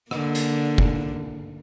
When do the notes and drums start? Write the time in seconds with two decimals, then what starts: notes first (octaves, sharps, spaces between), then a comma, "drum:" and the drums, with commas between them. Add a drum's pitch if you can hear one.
0.11 D3 A#3, drum: rim click
0.35 drum: hi-hat
0.78 drum: kick F1